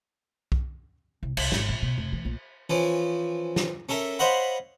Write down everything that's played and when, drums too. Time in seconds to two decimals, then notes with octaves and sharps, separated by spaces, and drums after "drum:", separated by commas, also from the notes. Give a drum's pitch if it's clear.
0.52 drum: kick B1
1.23 C2
1.37 C2, drum: cymbal
1.52 G#1, drum: snare
1.69 A#1
1.82 B2
1.98 F1
2.13 E3
2.25 A#1
2.70 E3 F3 C#4
3.56 drum: snare
3.89 C#4 A4 A#4 E5
4.19 C5 C#5 D#5 F5 F#5 B5